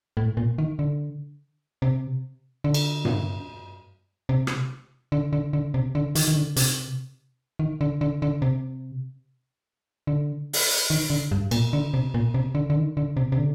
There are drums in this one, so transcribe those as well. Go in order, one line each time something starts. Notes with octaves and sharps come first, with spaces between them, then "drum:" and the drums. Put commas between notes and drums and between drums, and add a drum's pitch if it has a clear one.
A2
A#2
D#3
D3
C3
D3
drum: cymbal
drum: tom G2
C3
drum: rim click
D3
D3
D3
C3
D3
D#3, drum: hi-hat
D#3
D3
C3, drum: hi-hat
D#3
D3
D3
D3
C3
D3
drum: open hi-hat
D#3
D3
G2
A#2, drum: cymbal
D3
C3
A#2
C3
D3
D3
D#3
D3
C3
C3
D3